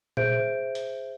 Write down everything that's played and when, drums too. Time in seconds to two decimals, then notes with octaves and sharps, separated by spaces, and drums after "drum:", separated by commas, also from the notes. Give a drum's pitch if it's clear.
0.17 G#4 C5 E5 G6 D7, drum: tom A#2
0.75 drum: hi-hat